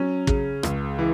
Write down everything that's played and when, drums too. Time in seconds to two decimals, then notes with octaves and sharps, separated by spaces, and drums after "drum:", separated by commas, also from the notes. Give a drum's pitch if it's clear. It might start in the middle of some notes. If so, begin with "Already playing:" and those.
Already playing: F#3 C#4
0.27 C#3, drum: kick
0.63 C#2, drum: rim click
0.99 E3